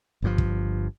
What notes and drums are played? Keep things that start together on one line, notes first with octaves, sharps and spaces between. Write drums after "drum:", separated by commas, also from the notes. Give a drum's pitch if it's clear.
G1 G2 D3 F3
drum: kick